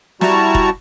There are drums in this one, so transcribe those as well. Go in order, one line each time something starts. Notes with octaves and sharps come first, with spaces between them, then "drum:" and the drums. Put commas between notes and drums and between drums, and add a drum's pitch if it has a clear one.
G3 E4 F#4 A5 A#5 C#6, drum: snare
drum: kick